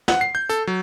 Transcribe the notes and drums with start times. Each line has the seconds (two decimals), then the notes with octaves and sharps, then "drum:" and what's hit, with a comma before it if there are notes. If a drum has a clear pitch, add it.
0.08 F#5, drum: snare
0.21 C7
0.35 G6
0.49 A4, drum: hi-hat
0.67 F#3